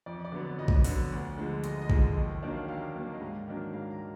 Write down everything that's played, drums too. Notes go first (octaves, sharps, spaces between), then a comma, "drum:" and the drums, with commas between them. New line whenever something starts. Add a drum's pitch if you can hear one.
F2 D5
D5
D3 F#3 B3
F2 D#5
drum: kick A1
D3 F#3 B3, drum: open hi-hat
D2
D3 F3 G#3
D2 D#5, drum: hi-hat
D#5
D3 F3 G#3, drum: kick A1
D#5
D#2 D#5
D#3 F#3 A#3 D4
F5
D#2 F5
D#3 F#3 A#3 D4
D#5
G#2 F5
D#3 F#3 A#3 D4
G#2 F5
A#5
D#3